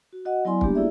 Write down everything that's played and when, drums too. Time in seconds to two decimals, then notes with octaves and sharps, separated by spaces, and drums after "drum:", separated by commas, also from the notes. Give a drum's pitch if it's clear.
0.13 F#4
0.25 F#4 D#5 F#5
0.45 F#3 B3 E4 D5 G#5 C6
0.61 G3 G#3 A#3 B3 D4 G4, drum: kick
0.75 A#3 E4 F4 G#4 D5 E5